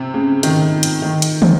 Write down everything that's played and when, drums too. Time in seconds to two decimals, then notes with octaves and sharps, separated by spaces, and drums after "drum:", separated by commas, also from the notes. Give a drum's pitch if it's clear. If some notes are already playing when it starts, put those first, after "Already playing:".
Already playing: C3
0.14 C#3
0.43 D#3, drum: hi-hat
0.83 drum: hi-hat
1.02 D#3
1.22 drum: hi-hat
1.42 drum: tom